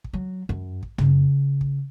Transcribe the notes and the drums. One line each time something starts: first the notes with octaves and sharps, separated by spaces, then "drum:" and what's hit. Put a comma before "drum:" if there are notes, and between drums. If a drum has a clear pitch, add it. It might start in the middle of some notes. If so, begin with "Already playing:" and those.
drum: kick
F#3
F#2
drum: kick
C#3, drum: tom
drum: kick